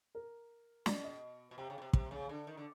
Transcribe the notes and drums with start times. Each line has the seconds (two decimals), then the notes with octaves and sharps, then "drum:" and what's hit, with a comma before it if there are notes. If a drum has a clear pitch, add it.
0.15 A#4
0.86 B2 D5, drum: snare
1.04 D#5
1.51 B2
1.58 C3 G5
1.70 C#3
1.78 B2
1.82 C3
1.93 C3, drum: kick
2.11 C#3
2.29 D3
2.47 D#3
2.57 D3